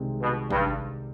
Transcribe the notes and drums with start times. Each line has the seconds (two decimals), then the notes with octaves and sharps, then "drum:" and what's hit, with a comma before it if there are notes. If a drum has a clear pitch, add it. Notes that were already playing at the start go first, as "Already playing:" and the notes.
Already playing: C2 C3 D#3 G#3 C4
0.22 B2
0.50 G2, drum: kick